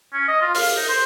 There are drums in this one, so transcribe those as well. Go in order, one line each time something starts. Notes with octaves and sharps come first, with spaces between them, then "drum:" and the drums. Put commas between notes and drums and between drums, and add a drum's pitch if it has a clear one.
C#4
D#5
F4
F5, drum: open hi-hat
D#4
C5